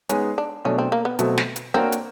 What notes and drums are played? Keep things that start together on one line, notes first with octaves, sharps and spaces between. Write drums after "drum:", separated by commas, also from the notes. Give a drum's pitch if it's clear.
G#3 B3 C#4 D#4 G#4, drum: hi-hat
D4
B2 F#3 A3 C#4 D4
C4
A#3
B3
B2 F#3 A3 C4, drum: hi-hat
drum: snare
drum: hi-hat
A#3 C4 D4 F#4 A#4 C#5
drum: hi-hat